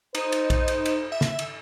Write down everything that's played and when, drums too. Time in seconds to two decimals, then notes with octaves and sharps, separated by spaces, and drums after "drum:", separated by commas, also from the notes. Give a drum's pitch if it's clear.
0.15 D#4 C5, drum: cymbal
0.32 drum: cymbal
0.50 drum: kick A#1, cymbal
0.68 drum: cymbal
0.86 drum: cymbal
1.12 E5
1.21 drum: snare
1.39 drum: cymbal